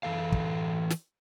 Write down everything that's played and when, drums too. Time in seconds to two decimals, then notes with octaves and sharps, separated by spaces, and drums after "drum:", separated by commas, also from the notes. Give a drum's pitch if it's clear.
0.03 E3 A4 F5
0.32 drum: kick
0.90 drum: snare